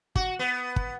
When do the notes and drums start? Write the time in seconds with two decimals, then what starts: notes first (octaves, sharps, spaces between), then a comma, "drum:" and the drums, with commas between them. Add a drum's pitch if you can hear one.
0.16 F#4, drum: kick
0.39 B3
0.76 drum: kick